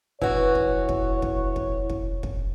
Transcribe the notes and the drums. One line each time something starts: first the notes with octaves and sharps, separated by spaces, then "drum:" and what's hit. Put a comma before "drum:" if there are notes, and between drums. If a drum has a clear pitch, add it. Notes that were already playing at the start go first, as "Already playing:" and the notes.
E3 F#4 C#5, drum: kick
drum: kick
drum: kick
drum: kick
drum: kick
drum: kick
drum: kick